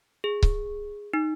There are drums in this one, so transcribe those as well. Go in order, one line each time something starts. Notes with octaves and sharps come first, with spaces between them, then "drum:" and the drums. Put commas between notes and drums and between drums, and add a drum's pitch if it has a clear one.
G#4
drum: kick C#1
D#4